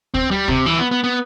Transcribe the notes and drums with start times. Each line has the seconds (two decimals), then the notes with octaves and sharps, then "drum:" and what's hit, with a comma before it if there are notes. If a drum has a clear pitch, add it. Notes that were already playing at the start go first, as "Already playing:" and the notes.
0.14 C4, drum: kick D2
0.31 G3
0.48 C3, drum: kick D2
0.66 E3
0.79 B3
0.91 B3
1.04 B3